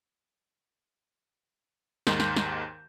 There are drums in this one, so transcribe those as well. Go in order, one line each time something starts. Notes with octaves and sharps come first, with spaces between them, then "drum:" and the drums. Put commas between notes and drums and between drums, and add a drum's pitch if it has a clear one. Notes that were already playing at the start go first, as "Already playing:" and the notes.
D#2 G#2 D#3 C6 G6, drum: snare
drum: snare
drum: snare